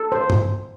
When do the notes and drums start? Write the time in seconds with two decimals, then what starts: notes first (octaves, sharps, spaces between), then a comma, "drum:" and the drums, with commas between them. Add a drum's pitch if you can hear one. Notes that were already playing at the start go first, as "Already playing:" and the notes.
Already playing: A4
0.12 C5
0.30 drum: tom